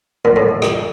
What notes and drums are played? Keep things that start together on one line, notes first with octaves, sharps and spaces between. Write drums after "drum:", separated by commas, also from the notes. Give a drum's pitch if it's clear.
A#2
A2
drum: rim click